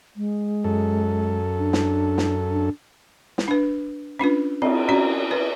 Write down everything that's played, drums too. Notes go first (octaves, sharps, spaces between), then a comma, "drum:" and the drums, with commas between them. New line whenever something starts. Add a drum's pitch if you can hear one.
G#3
F#2 A4
D4
drum: snare
drum: snare
D4
drum: snare
D4 B4
C#4 D4 F4 B4
C4, drum: cymbal
C#4 F#4 D5 A#5
B4